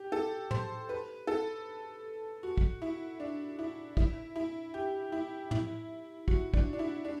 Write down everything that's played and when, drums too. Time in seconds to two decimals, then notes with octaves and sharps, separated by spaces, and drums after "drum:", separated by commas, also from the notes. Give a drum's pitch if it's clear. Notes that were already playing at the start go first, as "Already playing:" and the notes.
Already playing: G4
0.12 A4
0.51 C5, drum: tom
0.89 B4
1.27 A4
2.43 F#4
2.57 drum: kick
2.82 E4
3.20 D4
3.59 E4
3.97 E4, drum: kick
4.36 E4
4.74 G4
5.12 E4
5.51 E4, drum: tom
6.28 F#4, drum: kick
6.54 D4, drum: kick
6.73 D4
6.79 E4
7.05 D4